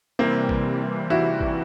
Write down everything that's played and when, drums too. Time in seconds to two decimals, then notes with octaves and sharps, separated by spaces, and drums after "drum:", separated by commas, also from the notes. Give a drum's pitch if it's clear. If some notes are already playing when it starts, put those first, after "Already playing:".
0.19 C3 E3 G3 A#3 C4
0.49 drum: kick A1
1.10 E4 F#4
1.41 drum: kick A1